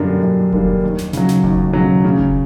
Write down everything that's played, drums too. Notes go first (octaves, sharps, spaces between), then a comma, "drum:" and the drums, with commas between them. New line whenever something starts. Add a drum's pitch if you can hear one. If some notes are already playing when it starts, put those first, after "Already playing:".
Already playing: F#2 D3 G3 A#3 D4
F#2
D3 G3 A#3 D4, drum: kick F1
D#2
drum: snare
C#3 F#3, drum: snare
drum: snare
D#2, drum: kick F1
C#3 F#3
C#3
drum: kick F1